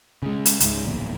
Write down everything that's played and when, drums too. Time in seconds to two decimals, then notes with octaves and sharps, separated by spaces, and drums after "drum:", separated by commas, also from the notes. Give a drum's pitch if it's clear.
0.23 C#3 G#3
0.46 drum: hi-hat
0.60 C#2 G#2, drum: hi-hat
0.83 D1 A#1 E2